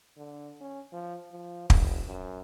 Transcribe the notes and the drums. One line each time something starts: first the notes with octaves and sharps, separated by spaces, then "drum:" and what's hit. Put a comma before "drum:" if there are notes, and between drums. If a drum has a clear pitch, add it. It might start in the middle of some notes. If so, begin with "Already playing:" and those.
D3
C#4
F3
F3
F1, drum: kick
F#2